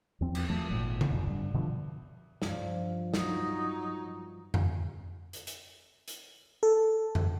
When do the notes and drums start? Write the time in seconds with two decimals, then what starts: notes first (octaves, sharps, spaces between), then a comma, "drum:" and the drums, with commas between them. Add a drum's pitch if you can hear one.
0.21 E2 F3 C4
0.35 drum: cymbal
0.50 F3 F#3 A3
0.70 G#1 A#2
1.01 drum: tom C#3
1.10 F1 B1 F2
1.27 G2 D3
1.54 B2 D3 F3
2.42 G2 F3, drum: snare
3.14 F#3 D#4, drum: snare
4.54 drum: tom F2
5.33 drum: hi-hat
5.47 drum: hi-hat
6.08 drum: hi-hat
6.63 A4
7.15 drum: tom F2